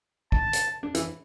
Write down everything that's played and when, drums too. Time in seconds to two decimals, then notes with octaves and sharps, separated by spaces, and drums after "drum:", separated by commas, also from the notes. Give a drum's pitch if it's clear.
0.32 A5, drum: kick
0.53 drum: hi-hat
0.83 D4
0.95 E3 E4, drum: hi-hat